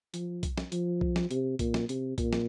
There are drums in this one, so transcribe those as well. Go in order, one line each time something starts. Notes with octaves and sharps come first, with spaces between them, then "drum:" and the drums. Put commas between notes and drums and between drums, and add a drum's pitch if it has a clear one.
F3, drum: hi-hat
drum: kick B1, hi-hat
drum: snare
F3, drum: hi-hat
drum: kick B1
drum: snare
C3, drum: hi-hat
A#2, drum: kick B1, hi-hat
drum: snare
C3, drum: hi-hat
A#2, drum: kick B1, hi-hat
drum: snare